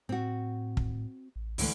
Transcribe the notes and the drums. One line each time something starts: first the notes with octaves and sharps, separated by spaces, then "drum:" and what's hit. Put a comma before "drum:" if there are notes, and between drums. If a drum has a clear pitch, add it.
A2 C4 F#4
drum: kick
A1
C#2 D3 E3 A3, drum: open hi-hat